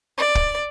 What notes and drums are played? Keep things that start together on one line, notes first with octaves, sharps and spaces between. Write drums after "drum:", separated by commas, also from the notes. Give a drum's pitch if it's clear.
D5
drum: kick